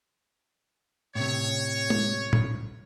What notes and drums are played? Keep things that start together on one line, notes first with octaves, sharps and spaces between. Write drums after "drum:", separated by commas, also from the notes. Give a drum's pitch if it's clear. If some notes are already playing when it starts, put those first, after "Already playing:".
A2 C3 C#5
drum: tom G#3
drum: tom A2